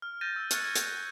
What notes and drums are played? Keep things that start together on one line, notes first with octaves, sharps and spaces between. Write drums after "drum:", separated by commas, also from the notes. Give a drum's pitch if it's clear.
F6
G6 A6 A#6 D#7
E6
C#6 F6 F#6 G#6 A6 C#7, drum: hi-hat
G#6 D#7
drum: hi-hat